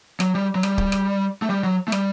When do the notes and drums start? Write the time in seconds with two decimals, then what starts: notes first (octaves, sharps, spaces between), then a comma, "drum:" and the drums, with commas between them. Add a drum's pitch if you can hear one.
0.20 F#3, drum: rim click
0.35 G3
0.55 F#3
0.63 G3, drum: rim click
0.78 drum: kick C#1
0.92 drum: rim click
1.42 A3
1.50 G3
1.64 F#3
1.88 A3
1.92 G3, drum: rim click